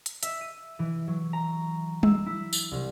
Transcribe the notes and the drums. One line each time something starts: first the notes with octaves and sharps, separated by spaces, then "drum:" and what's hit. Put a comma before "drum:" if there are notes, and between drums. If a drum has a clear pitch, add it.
drum: hi-hat
E5, drum: hi-hat
D#7
E3
F#3
A#5
E6, drum: tom G3
E4
drum: tambourine
C2